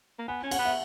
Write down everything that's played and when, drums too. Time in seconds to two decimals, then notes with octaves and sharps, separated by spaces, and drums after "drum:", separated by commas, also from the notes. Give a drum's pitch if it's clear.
0.19 A#3
0.28 B3 G#5
0.43 C#4
0.51 F#5, drum: cymbal
0.59 B3
0.65 E5